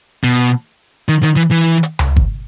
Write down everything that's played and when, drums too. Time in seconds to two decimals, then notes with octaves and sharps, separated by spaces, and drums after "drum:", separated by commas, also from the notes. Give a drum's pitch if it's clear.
0.24 B2
1.09 D#3
1.23 D#3, drum: hi-hat
1.36 E3
1.51 E3
1.83 drum: hi-hat
1.99 drum: tom C#2
2.16 drum: kick